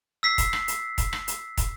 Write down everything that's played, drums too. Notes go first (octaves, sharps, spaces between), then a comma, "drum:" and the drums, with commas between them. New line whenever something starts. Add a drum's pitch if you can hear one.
E6 B6 C7
drum: kick, hi-hat
drum: rim click
drum: hi-hat
drum: kick, hi-hat
drum: rim click
drum: hi-hat
drum: kick, hi-hat